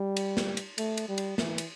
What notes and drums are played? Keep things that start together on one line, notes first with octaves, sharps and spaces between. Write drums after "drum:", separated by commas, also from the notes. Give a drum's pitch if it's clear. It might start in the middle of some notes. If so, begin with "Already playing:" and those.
Already playing: G3
drum: cymbal
drum: snare
drum: cymbal
A3, drum: cymbal
drum: cymbal
G3
drum: cymbal
E3, drum: snare
drum: cymbal